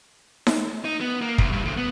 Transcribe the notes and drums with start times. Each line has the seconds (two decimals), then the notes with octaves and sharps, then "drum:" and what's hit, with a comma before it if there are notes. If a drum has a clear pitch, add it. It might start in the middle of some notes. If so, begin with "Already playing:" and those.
0.47 drum: snare D#4
0.85 D#4
1.01 B3
1.21 A#3
1.38 D2, drum: kick
1.52 G2
1.65 D2
1.77 B3